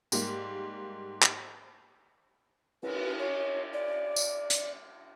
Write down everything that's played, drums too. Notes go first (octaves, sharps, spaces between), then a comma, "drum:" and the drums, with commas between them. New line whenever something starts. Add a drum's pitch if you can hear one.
G#2 G3 A#3, drum: tambourine
drum: clap
B4, drum: cymbal
C#5
D5
drum: tambourine
drum: hi-hat